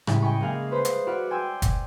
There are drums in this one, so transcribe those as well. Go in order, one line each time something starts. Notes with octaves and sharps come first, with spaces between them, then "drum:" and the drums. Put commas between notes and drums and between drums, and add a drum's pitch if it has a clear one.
A2 C#3 G3 G#3, drum: rim click
D#5 G5 G#5 B5 C#6
G#3 A#3 G#4 F5
B4 C5 B5 C6
drum: hi-hat
F#4 D5 F#5 B5 F6
G5 G#5 C6 E6
drum: kick, hi-hat